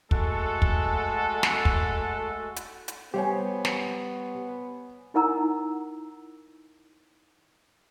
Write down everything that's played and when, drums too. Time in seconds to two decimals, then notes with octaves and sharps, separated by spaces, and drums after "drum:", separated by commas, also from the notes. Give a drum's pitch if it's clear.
0.11 G#3 A3 F#4 A4, drum: kick
0.62 drum: kick
1.43 drum: snare
1.65 drum: kick
2.56 drum: hi-hat
2.88 drum: hi-hat
3.14 G3 B3 G4 C5 C#5 G#5
3.65 drum: snare
5.14 D#4 E4 A#4 F#5 A#5 E6